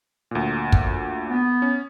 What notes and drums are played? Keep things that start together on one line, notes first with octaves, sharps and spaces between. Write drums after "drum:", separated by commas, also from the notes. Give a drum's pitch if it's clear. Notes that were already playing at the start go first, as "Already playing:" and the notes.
D2 A#2
drum: kick
B3
C#4